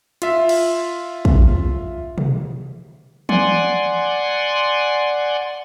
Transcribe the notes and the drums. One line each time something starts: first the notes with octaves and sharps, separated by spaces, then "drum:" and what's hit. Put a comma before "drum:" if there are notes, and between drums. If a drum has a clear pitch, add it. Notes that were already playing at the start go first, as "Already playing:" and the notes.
F4 E5, drum: hi-hat
drum: cymbal
drum: kick
drum: tom B2
D5 F#5 G#5 C6, drum: tom E3